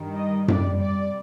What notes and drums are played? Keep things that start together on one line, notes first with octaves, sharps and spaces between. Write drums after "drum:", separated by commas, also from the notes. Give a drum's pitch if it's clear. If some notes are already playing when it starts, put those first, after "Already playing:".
Already playing: G2 D#3 G3
D#5
C3 G3 D5, drum: tom F#2
D5